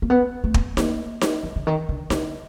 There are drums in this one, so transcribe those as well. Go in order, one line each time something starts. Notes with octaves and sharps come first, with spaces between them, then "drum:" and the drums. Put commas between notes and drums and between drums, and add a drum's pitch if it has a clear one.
A#3
B3
A3
drum: kick
A#3, drum: snare D#4
drum: snare D#4
F3
D3
D#3
D3
D3, drum: snare D#4